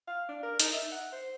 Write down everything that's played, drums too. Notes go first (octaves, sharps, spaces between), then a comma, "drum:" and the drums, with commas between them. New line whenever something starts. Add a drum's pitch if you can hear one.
F5
D4
A#4
D#4, drum: hi-hat
E5
F#5
C5